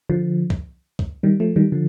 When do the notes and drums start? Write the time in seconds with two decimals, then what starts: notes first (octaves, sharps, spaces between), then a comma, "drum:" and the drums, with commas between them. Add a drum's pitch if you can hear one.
0.09 D3 F3
0.50 drum: kick
0.99 drum: kick
1.23 D#3 G3
1.40 F3 A3
1.56 D#3 G3
1.72 D3 F3